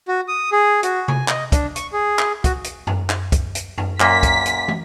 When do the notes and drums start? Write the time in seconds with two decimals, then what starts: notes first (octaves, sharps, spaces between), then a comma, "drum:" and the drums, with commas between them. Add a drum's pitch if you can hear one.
0.08 F#4
0.28 D#6
0.52 G#4
0.83 F#4, drum: hi-hat
1.08 G#5, drum: tom C3
1.28 D#5, drum: clap
1.52 D4, drum: kick, hi-hat
1.76 C#6, drum: hi-hat
1.93 G#4
2.19 drum: clap
2.44 F#4, drum: kick, hi-hat
2.64 drum: hi-hat
2.87 drum: tom F#2
3.10 drum: clap
3.32 drum: kick, hi-hat
3.55 drum: hi-hat
3.78 drum: tom F#2
4.00 F#2 A#2 A#3 B6, drum: clap
4.23 drum: kick, hi-hat
4.46 drum: hi-hat
4.68 drum: tom